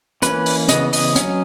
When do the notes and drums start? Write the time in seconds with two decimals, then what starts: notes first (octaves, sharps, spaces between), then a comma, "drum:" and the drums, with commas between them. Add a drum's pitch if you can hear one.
0.22 E3 A#3 C#4 B4, drum: hi-hat
0.46 drum: open hi-hat
0.68 C#3 E3 B3 D#5, drum: hi-hat
0.93 D#5, drum: open hi-hat
1.16 F#3 C#4, drum: hi-hat